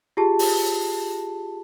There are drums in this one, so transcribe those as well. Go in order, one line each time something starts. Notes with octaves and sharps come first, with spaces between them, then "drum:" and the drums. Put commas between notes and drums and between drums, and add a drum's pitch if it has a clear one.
F4 G4 G#4 A5
drum: open hi-hat